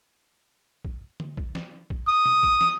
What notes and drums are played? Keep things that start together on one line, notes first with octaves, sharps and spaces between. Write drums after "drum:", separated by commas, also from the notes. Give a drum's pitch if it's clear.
drum: kick
drum: tom D3
drum: kick
drum: snare
drum: kick
D#6
drum: tom B2
drum: kick
drum: snare